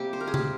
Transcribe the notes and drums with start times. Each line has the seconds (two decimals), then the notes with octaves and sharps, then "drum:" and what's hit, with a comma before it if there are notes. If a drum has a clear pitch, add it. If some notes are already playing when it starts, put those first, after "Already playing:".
Already playing: C3 G3 A#3 G4
0.13 C5
0.21 A#4
0.27 G#4
0.34 G4, drum: tom C3